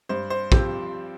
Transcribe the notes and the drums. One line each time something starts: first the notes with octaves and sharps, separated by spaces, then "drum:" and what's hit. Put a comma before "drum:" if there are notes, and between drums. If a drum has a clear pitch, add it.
G2 C5
C5
F3 C4 G4, drum: kick